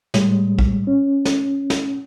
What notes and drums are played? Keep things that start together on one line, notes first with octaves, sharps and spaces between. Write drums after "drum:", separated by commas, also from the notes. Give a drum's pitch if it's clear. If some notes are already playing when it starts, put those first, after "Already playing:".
A2 G3 G#3, drum: snare
drum: kick
C#4
drum: snare
drum: snare